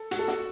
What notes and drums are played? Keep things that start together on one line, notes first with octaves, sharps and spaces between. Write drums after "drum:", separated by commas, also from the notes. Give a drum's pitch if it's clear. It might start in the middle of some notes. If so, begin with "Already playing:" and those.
Already playing: A4
F#4, drum: hi-hat
A4
F#4, drum: snare